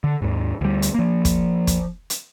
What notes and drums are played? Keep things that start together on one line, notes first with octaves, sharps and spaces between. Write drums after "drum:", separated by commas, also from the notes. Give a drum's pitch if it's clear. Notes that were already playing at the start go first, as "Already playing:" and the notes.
D3
D#2 G#2
D2 G3
drum: hi-hat
F3 A#3
drum: kick, hi-hat
drum: kick, hi-hat
drum: hi-hat